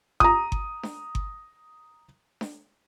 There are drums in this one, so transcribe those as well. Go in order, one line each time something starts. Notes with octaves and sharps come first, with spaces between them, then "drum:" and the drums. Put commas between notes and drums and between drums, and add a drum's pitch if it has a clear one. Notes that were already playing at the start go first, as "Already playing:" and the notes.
A#5 D#6, drum: kick G1
drum: kick G1
drum: snare D4
drum: kick G1
drum: snare D4